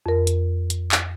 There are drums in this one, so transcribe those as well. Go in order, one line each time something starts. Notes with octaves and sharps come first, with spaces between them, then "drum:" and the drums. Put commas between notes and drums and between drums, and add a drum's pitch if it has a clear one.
F2 A#4
drum: hi-hat
drum: hi-hat
drum: clap